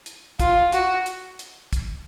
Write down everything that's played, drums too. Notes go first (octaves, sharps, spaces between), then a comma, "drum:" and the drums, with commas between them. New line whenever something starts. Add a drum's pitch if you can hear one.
drum: hi-hat
F4, drum: kick, hi-hat
F#4, drum: hi-hat
drum: hi-hat
drum: hi-hat
drum: kick, hi-hat